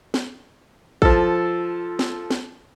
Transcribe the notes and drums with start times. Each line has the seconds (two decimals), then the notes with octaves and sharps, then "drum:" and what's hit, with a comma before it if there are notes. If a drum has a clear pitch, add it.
0.14 drum: snare
1.02 F3 A4, drum: kick
1.99 drum: snare
2.31 drum: snare